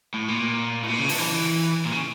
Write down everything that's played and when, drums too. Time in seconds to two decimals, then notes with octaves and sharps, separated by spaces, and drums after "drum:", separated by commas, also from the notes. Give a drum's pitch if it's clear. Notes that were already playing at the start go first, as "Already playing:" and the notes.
0.14 A2
0.28 A#2
0.83 A2, drum: cymbal
0.89 A#2
0.98 C#3
1.09 D3, drum: open hi-hat
1.18 E3
1.86 A#2
1.92 C#3